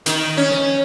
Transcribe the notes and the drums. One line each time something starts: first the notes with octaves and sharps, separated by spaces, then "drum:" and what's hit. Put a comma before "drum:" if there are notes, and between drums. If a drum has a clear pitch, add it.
D#3, drum: hi-hat
C#4
drum: snare